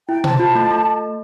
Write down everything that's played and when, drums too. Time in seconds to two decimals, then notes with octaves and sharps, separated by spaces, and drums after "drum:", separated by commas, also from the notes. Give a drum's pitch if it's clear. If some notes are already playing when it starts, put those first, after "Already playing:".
0.08 E4 G5
0.24 C5 A5, drum: tom B2
0.39 F4
0.55 A3
0.71 A3